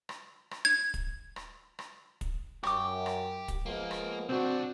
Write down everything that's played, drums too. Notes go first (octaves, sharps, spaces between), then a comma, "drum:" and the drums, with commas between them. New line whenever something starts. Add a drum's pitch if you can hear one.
drum: rim click
drum: rim click
G#6
drum: kick, hi-hat
drum: rim click
drum: rim click
drum: kick, hi-hat
F#2 G4 C#6 D6, drum: rim click
drum: rim click
drum: kick, hi-hat
F3 G#3 A#3 B3
drum: rim click
C2 C4 D4 F#4